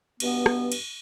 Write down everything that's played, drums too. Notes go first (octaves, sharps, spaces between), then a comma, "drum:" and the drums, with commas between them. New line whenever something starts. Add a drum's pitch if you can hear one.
G2 B2 B3, drum: cymbal
drum: rim click
drum: cymbal